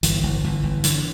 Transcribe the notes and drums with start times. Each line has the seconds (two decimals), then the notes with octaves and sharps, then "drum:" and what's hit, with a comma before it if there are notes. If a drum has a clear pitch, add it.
0.03 G1 E3, drum: hi-hat
0.23 G1
0.44 G1 E3
0.63 G1
0.84 D3 E3, drum: hi-hat